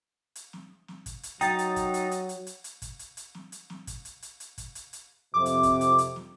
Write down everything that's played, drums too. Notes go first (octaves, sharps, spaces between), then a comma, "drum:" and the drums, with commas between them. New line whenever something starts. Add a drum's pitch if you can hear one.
drum: hi-hat
drum: snare
drum: snare
drum: kick, hi-hat
drum: hi-hat
F#3 D#4 G5 A6, drum: hi-hat
drum: hi-hat
drum: kick, hi-hat
drum: hi-hat
drum: hi-hat
drum: hi-hat
drum: hi-hat
drum: hi-hat
drum: kick, hi-hat
drum: hi-hat
drum: hi-hat
drum: snare
drum: hi-hat
drum: snare
drum: kick, hi-hat
drum: hi-hat
drum: hi-hat
drum: hi-hat
drum: kick, hi-hat
drum: hi-hat
drum: hi-hat
F2 C3 D6
drum: hi-hat
drum: kick, hi-hat
drum: hi-hat
drum: hi-hat
drum: snare